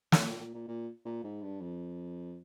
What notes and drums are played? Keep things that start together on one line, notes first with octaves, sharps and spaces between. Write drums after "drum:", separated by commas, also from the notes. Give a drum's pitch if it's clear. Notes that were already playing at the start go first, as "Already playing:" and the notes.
F2, drum: snare
A#2
A#2
A#2
A#2
A#2
G#2
G2
F2